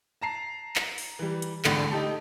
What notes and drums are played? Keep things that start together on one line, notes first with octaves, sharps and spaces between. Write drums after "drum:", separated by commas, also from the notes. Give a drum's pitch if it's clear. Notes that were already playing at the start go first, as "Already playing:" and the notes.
A5 A#5 C7
drum: clap
drum: open hi-hat
E3 G3
drum: hi-hat
G#1 C#2 A2 D3, drum: clap
D#4 G4 A4